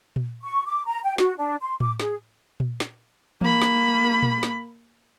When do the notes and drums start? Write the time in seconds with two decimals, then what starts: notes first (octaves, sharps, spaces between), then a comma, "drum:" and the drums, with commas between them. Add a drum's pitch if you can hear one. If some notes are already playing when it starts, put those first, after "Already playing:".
0.16 drum: tom A#2
0.43 C#6
0.66 D6
0.86 A#5
1.04 G5
1.18 F#4, drum: snare
1.37 D4
1.61 C6
1.80 D6, drum: tom A2
2.00 G#4, drum: snare
2.60 drum: tom A#2
2.80 drum: snare
3.41 A#3 B5, drum: tom E3
3.62 drum: snare
4.23 drum: tom A#2
4.43 drum: snare